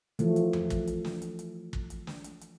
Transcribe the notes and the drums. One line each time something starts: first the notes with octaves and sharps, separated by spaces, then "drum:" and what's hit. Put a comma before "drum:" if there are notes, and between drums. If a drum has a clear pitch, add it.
E3 F3 A3, drum: hi-hat
drum: hi-hat
drum: tom E2
drum: kick, hi-hat
drum: hi-hat
drum: snare
drum: hi-hat
drum: hi-hat
drum: kick
drum: hi-hat
drum: snare
drum: hi-hat
drum: hi-hat